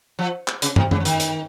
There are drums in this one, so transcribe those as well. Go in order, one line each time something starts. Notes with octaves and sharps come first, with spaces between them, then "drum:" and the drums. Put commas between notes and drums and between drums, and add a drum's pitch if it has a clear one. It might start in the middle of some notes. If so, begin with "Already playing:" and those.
F3
drum: clap
C#3, drum: hi-hat
C3, drum: tom
C#3, drum: tom
F3
D#3, drum: hi-hat
drum: hi-hat